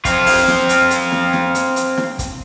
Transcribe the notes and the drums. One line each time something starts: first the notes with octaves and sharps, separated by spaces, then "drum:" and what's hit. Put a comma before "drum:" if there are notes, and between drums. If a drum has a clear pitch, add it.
C4 F4, drum: kick, hi-hat
drum: open hi-hat
drum: snare
drum: hi-hat
drum: hi-hat
drum: snare
drum: snare
drum: hi-hat
drum: hi-hat
drum: snare
drum: kick, hi-hat